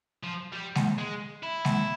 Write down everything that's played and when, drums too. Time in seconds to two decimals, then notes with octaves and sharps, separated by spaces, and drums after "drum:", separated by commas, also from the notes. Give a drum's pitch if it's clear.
0.23 F3
0.53 G3
0.75 drum: snare
0.98 G#3
1.43 E4
1.65 drum: snare